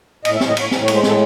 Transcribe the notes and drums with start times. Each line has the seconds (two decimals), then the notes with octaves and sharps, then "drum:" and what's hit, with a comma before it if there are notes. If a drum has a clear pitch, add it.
0.25 A2 D#5, drum: cymbal
0.36 E5
0.41 A2, drum: snare
0.49 D#5
0.57 A2 C#5, drum: cymbal
0.71 A2, drum: snare
0.84 C#5
0.88 G#3, drum: cymbal
0.95 C5
1.03 A2 A4, drum: snare